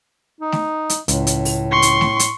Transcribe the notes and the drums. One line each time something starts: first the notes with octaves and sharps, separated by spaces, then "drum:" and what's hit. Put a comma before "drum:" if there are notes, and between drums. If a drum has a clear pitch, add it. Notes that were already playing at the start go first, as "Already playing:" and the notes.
D#4
drum: snare A3
drum: hi-hat
C#2 A2, drum: hi-hat
drum: hi-hat
drum: open hi-hat
C6 C#6
drum: hi-hat
drum: snare A3
drum: hi-hat